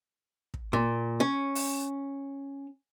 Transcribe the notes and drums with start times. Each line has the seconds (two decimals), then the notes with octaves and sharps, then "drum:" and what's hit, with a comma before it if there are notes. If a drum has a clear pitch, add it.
0.54 drum: kick
0.73 A#2
1.20 C#4
1.55 drum: open hi-hat